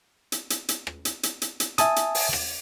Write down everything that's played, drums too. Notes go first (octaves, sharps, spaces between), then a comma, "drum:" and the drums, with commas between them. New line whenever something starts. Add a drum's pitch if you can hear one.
drum: hi-hat
drum: hi-hat
drum: hi-hat
drum: rim click
drum: hi-hat
drum: hi-hat
drum: hi-hat
drum: hi-hat
E5 G#5 A5 D#6, drum: hi-hat
drum: hi-hat
drum: open hi-hat
drum: rim click